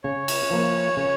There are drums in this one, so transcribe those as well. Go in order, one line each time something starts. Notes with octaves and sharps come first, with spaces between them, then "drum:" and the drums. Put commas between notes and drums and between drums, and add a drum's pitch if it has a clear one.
C#3 C#5
drum: cymbal
F3 A#3
C#3